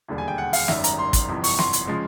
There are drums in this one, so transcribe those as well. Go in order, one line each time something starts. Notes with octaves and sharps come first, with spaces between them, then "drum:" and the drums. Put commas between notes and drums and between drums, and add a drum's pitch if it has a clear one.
E1 D#2 D3 G3
G#5
G5
F#5
F5, drum: open hi-hat
G#1 F#2 D#3 G3 E5, drum: snare
A#5, drum: hi-hat
C6
drum: kick, hi-hat
G1 F2 C3 E3
C#6, drum: open hi-hat
C6, drum: snare
drum: hi-hat
C#3 F3 G#3